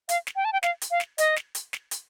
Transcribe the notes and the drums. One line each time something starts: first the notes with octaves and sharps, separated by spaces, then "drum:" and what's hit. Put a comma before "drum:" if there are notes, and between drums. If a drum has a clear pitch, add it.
F5, drum: hi-hat
drum: snare
G5
A5
G5
F5, drum: snare
drum: hi-hat
F5
drum: snare
D#5, drum: hi-hat
drum: snare
drum: hi-hat
drum: snare
drum: hi-hat